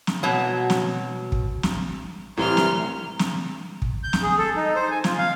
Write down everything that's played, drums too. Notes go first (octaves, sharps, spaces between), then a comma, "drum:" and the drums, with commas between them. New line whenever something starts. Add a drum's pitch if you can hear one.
drum: snare
B2 F#3
drum: snare
drum: kick
drum: snare
C2 A2 E3 A#5 C6 F6
drum: snare
drum: snare
drum: kick
G6
drum: snare
G#4
A4
D#4
C5
G#5
F4, drum: snare
F5